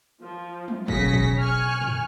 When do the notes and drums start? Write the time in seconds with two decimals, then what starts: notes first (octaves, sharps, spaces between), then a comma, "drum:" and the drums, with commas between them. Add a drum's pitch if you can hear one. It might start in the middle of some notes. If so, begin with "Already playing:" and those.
0.23 F3
0.68 drum: tom
0.88 B1 C#3 A#6 B6 C#7, drum: kick
1.13 drum: kick
1.38 G#5 C#6 F6 F#6
1.81 drum: tom